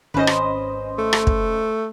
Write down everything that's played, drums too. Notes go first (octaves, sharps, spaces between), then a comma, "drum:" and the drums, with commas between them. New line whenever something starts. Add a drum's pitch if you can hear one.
G#1 C#4 B4 C5 D#5
drum: rim click
A3
drum: rim click
drum: kick